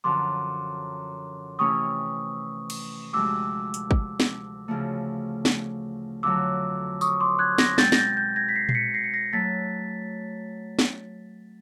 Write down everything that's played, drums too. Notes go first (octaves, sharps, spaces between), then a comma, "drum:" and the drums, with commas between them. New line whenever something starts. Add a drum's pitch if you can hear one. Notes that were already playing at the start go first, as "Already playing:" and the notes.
F#2 D3 F3 C6 D6
C3 E3 A3 C#4 E4 C#6 D#6
drum: cymbal
D2 C3 F3 G#3 D6 E6
drum: hi-hat
drum: kick
drum: snare
D2 C#3 F3 A3
drum: snare
F2 D3 F#3 D6 E6
C#6 D#6, drum: tambourine
C6 D6
F#6 G#6
G#6 A#6, drum: snare
B2 G#3 C4 G6 A6, drum: snare
A#6, drum: snare
G6 A6
G6 A6
G#6 A#6
B6
A#6 C7
C7, drum: tom A#2
B6 C#7
A#6 C7
C#7
A#6 C7
F#3 A3 A6 B6
drum: snare